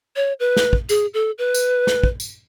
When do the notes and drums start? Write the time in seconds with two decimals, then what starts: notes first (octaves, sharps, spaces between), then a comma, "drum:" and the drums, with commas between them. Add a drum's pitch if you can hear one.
0.16 C#5
0.40 B4
0.57 drum: snare
0.73 drum: kick
0.89 G#4, drum: tambourine
1.14 A4
1.38 B4
1.55 drum: tambourine
1.87 drum: snare
2.03 drum: kick
2.20 drum: tambourine